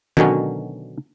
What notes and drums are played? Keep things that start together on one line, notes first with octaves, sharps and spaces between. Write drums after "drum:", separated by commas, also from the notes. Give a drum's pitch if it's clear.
B2 D3 D#3 F#3 C#4, drum: tom D#3